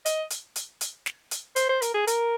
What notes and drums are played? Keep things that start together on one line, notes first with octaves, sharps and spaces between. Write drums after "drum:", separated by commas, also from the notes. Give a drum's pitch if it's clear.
D#5, drum: hi-hat
drum: hi-hat
drum: hi-hat
drum: hi-hat
drum: snare
drum: hi-hat
C5, drum: hi-hat
C5
A#4, drum: hi-hat
G#4
A#4, drum: hi-hat